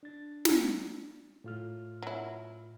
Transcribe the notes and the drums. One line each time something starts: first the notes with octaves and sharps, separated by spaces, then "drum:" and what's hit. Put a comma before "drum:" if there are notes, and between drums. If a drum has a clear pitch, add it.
D4 A6
drum: snare
A2 F4 F6
F#3 E4